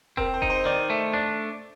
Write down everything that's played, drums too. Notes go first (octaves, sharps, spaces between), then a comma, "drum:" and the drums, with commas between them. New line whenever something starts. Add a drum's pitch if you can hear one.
C4 A#4, drum: kick E1
C5
D#4, drum: kick E1
C5
D#3 D5
A3
D4 D5